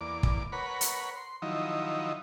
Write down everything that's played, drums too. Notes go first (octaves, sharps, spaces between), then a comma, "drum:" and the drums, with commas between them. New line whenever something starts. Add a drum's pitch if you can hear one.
E2 A#3 D5 D6
drum: kick
A#4 B4 C#5 F#5 B5
drum: hi-hat
C6
D#3 F3 F#3 D#4 E4